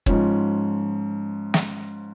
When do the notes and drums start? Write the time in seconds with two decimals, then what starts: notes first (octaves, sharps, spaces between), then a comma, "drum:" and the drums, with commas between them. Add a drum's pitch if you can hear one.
0.06 G#2 F3 C#4, drum: kick
1.54 drum: snare